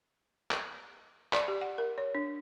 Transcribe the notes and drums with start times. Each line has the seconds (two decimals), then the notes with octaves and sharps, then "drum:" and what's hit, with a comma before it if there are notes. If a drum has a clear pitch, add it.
0.51 drum: clap
1.33 D5, drum: clap
1.48 G4
1.61 F#5
1.78 A#4
1.98 C#5
2.15 D4